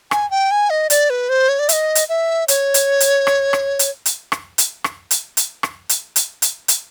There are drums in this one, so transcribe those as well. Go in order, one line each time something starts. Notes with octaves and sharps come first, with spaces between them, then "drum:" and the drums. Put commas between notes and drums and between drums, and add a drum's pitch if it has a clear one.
G#5, drum: rim click
G5
G#5
D#5
D5, drum: hi-hat
B4
C5
C#5
D5
E5, drum: hi-hat
D#5
drum: hi-hat
E5
C#5, drum: hi-hat
drum: hi-hat
drum: hi-hat
drum: rim click
drum: rim click
drum: hi-hat
drum: hi-hat
drum: rim click
drum: hi-hat
drum: rim click
drum: hi-hat
drum: hi-hat
drum: rim click
drum: hi-hat
drum: hi-hat
drum: hi-hat
drum: hi-hat